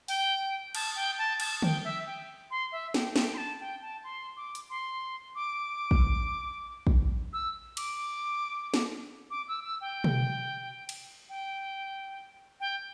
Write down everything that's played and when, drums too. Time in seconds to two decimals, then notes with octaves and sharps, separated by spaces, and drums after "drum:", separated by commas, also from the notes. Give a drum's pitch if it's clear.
0.08 G5, drum: open hi-hat
0.75 A5, drum: cymbal
0.96 G5
1.19 A5
1.40 A5, drum: cymbal
1.62 G5, drum: tom D3
1.84 E5
2.07 G5
2.51 C6
2.72 E5
2.94 G5, drum: snare
3.16 G5, drum: snare
3.34 C6
3.37 A5
3.61 G5
3.82 A5
4.04 C6
4.37 D6
4.55 drum: hi-hat
4.70 C6
5.35 D6
5.91 drum: kick
6.87 drum: kick
7.33 E6
7.77 D6, drum: cymbal
8.74 drum: snare
9.31 D6
9.48 E6
9.64 E6
9.81 G5
10.04 drum: tom B2
10.89 drum: cymbal
11.29 G5
12.60 G5